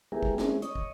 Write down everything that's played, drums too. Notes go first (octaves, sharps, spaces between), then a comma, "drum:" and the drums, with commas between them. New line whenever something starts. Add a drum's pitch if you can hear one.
G#3 B3 E4 G4 G#4 A#4
drum: kick
G#3 A#3 C4 C#4 E4 G#4, drum: snare
C#5 D#5, drum: hi-hat
drum: kick